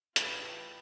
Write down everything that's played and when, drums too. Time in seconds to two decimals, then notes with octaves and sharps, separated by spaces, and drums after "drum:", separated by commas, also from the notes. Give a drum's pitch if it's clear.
0.16 A2 E3 F4 G4 B4 D#5, drum: hi-hat